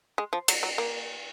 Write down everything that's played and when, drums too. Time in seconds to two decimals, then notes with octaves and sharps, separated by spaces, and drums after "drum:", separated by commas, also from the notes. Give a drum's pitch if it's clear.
0.18 G#3
0.33 F3
0.48 F#3, drum: cymbal
0.63 F#3
0.78 A#3